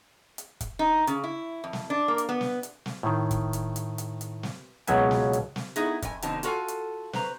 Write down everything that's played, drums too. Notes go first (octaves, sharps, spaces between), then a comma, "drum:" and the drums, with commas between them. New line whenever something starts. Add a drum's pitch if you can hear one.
drum: hi-hat
drum: kick, hi-hat
D#4
C#3, drum: hi-hat
E4
F2
drum: snare
D4
A#3
drum: hi-hat
B3
drum: snare
drum: hi-hat
drum: snare
A2 D#3
drum: kick, hi-hat
drum: hi-hat
drum: hi-hat
drum: hi-hat
drum: hi-hat
drum: snare
C#2 B2 F#3 C#4 E5 G#5, drum: hi-hat
drum: snare
drum: hi-hat
drum: snare
B3 D#4 E4 G#4, drum: hi-hat
F2 G#5, drum: kick, hi-hat
F2 B2 D3 C4 D#4 A5, drum: hi-hat
F4 F#4 A4 A#4 F5 G#5, drum: hi-hat
drum: hi-hat
B4 C5 A#5, drum: snare